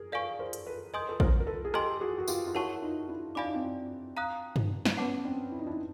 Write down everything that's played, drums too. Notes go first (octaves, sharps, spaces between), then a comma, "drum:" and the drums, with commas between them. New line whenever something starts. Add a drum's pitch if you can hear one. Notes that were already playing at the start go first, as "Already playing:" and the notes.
Already playing: G#4 A#4
A4 B4 D5 F5 G#5 C#6
A#4 C5
drum: hi-hat
A4 B4
B4 D#5 G#5 C6 D#6 G6
A#4
A4 B4
A#4 C5, drum: kick
A#4
A4 B4
G#4
G4 A4 A#4 D#5 G#5 C6, drum: rim click
F#4 G#4
F#4
F4 G4, drum: tambourine
F4
E4 F#4 A#4 C#5 F#5 A5 C#6
D#4 F4
D4 E4
D4 D5 F5 G#5 B5 D6
D#4
C4 D4
F5 A#5 D#6 F#6
drum: tom G2
drum: snare
B3 C#4 F#5 A5 D6
C4 D4
E4
D#4
D4 E4